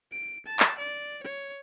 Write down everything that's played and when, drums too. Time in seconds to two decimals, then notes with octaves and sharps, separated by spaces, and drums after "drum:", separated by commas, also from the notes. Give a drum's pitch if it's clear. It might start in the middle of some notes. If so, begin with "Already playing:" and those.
0.12 D7
0.46 A5
0.60 drum: clap
0.78 D5
1.23 C#5